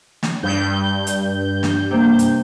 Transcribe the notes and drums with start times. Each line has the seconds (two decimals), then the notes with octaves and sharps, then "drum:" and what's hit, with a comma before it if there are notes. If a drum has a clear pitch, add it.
0.23 drum: snare
0.43 G2 G6
1.07 drum: hi-hat
1.63 drum: snare
1.91 C3 A#3
2.19 drum: hi-hat